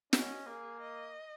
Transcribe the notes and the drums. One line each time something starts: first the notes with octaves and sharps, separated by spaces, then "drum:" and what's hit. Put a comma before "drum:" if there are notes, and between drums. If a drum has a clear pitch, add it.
C#4 D#5, drum: snare
A#3 G#4
D#5